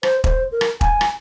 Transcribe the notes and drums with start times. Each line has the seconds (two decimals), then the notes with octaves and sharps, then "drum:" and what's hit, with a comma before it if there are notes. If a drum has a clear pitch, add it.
0.03 C5, drum: rim click
0.24 C5, drum: kick E1
0.52 A#4
0.61 drum: rim click
0.81 G#5, drum: kick E1
1.01 drum: rim click